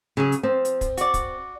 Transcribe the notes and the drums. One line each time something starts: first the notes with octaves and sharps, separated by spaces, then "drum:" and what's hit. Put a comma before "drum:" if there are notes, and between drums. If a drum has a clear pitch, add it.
C#3 F#3 C#4 G#4
drum: hi-hat
F3 C4
drum: hi-hat
drum: kick, hi-hat
F#4 D5, drum: hi-hat
drum: kick, hi-hat